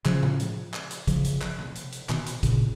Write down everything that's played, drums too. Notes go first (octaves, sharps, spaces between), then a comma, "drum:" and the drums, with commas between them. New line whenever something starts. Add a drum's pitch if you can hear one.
C#3 F3, drum: clap
drum: tom A2
drum: hi-hat
drum: clap
drum: hi-hat
C#3 F3, drum: kick, hi-hat
drum: hi-hat
drum: clap
drum: tom C3
drum: hi-hat
drum: hi-hat
B2 D#3, drum: clap
drum: hi-hat
A#2 C#3, drum: kick, hi-hat